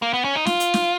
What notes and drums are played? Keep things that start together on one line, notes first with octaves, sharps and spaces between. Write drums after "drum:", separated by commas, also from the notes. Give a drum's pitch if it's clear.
A#3
B3
C#4
D#4
F4, drum: snare
drum: hi-hat
drum: snare